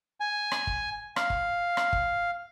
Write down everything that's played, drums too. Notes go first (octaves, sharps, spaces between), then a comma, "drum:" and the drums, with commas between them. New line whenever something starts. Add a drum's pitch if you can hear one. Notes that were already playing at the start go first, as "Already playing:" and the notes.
G#5
drum: rim click
drum: kick G1
F5, drum: rim click
drum: kick G1
drum: rim click
drum: kick G1